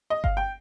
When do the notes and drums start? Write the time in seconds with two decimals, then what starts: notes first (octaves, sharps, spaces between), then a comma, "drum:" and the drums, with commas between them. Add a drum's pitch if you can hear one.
0.10 D#5
0.24 F5, drum: kick G1
0.37 G5